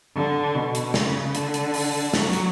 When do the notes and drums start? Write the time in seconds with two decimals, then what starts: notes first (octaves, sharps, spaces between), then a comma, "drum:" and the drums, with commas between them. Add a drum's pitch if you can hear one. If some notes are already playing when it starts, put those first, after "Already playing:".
0.15 D3
0.55 B2
0.75 drum: hi-hat
0.94 C#3, drum: snare
1.35 D3, drum: hi-hat
1.54 drum: hi-hat
1.74 drum: open hi-hat
2.14 F#3, drum: snare
2.33 drum: hi-hat